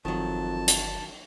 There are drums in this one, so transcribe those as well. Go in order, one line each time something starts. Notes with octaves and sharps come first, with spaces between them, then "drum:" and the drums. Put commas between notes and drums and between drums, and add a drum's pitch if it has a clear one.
G1 F2 D#3 F#3 A5
drum: hi-hat